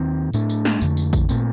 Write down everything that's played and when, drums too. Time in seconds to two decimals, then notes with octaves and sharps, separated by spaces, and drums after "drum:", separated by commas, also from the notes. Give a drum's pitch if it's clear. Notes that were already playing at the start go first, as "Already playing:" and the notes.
Already playing: D#2 D#3 C4
0.33 A2 A3 D4, drum: tambourine
0.49 drum: tambourine
0.65 drum: snare
0.81 F2 D3 A3, drum: tambourine
0.97 drum: tambourine
1.13 drum: kick A1, tambourine
1.29 A#2 A3 C4, drum: tambourine